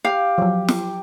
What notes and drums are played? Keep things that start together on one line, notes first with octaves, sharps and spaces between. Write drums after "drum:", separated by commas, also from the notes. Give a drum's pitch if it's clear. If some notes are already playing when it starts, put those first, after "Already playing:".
G4 F5
F3 F#3
drum: snare